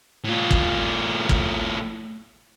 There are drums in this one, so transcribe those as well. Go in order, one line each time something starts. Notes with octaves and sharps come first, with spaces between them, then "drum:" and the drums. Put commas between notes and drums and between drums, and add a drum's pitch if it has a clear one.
A2 F4
drum: kick
drum: kick